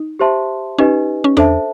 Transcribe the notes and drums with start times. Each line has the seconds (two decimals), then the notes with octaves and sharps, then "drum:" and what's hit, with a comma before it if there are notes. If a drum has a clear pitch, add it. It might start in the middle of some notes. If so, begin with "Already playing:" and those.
Already playing: D#4
0.19 G4 C5 E5 A5 C6
0.78 C#4 D#4 G4 B4 D#5 G#5
1.24 C#4
1.37 D4 A4 C5 E5 A5, drum: tom E2